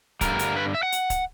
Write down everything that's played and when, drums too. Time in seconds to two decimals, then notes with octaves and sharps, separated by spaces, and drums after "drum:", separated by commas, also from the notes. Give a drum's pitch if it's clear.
0.21 G2 D3 G3 A#4, drum: kick C#1, hi-hat
0.39 drum: hi-hat
0.57 B4
0.75 E5
0.83 F#5
0.92 drum: hi-hat
1.10 drum: kick C#1, hi-hat